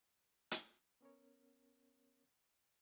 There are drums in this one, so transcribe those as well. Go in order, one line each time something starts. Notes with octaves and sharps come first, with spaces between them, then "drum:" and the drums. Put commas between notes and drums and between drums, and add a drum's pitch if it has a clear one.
drum: hi-hat
B3 C#4 A#4 C#5